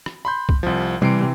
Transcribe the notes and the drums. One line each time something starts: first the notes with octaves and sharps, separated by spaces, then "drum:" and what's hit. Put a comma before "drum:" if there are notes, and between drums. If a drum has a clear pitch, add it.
drum: rim click
B5 C6 G6
drum: kick
C2 F3
C3 E3 G3 C7 D7